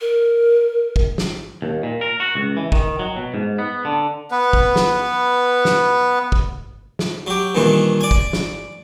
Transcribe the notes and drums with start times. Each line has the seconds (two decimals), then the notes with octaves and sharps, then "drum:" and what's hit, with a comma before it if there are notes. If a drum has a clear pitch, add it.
0.01 A#4
0.96 drum: kick
1.18 drum: snare
1.62 D#2
1.83 A#2
2.01 A#4
2.20 F#4
2.35 C#2
2.57 E3
2.72 D#3, drum: kick
2.99 F#3
3.17 B2
3.34 G#2
3.59 B3
3.85 D3
4.31 B3 B4
4.53 drum: kick
4.76 drum: snare
5.65 drum: snare
6.32 drum: kick
6.99 drum: snare
7.27 F#3 G4
7.55 G2 A#2 D#3 E3
8.01 D5 G#5
8.11 drum: kick
8.33 drum: snare